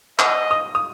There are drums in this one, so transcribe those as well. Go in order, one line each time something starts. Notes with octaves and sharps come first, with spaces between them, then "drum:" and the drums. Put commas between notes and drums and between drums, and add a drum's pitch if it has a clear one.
D#5, drum: clap
D#6
D#6